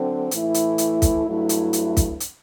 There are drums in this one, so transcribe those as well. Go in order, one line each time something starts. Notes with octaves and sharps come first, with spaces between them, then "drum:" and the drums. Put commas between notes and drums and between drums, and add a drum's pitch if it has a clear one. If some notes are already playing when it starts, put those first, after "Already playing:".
Already playing: D3 F#3 C4
A2 E3 A3 E4, drum: hi-hat
drum: hi-hat
drum: hi-hat
drum: kick, hi-hat
G2 F#3 A3 E4
drum: hi-hat
drum: hi-hat
drum: kick, hi-hat
drum: hi-hat